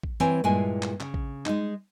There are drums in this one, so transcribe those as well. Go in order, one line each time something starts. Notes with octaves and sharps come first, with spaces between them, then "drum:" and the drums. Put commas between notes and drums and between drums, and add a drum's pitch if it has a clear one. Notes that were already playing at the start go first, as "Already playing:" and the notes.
drum: kick A1
E3 C4 C#5 G#5, drum: hi-hat
G2 A#2 G#3 A#3 E4 G#5
drum: clap
C#3, drum: clap
drum: kick A1
G#3 D#4, drum: clap